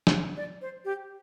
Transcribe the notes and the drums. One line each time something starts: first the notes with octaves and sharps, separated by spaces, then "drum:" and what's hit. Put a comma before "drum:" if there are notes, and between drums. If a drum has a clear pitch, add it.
drum: snare
D5
C5
G4